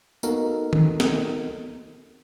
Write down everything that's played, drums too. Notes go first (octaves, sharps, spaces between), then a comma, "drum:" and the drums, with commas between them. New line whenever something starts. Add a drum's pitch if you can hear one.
A#3 B3 D#4 F#4 A4 A#4, drum: tambourine
drum: tom
drum: snare C4